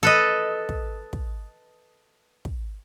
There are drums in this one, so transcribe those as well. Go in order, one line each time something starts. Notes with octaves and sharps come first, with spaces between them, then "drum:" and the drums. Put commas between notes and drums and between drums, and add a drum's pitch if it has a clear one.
A4 B4 D#5
drum: kick
drum: kick
drum: kick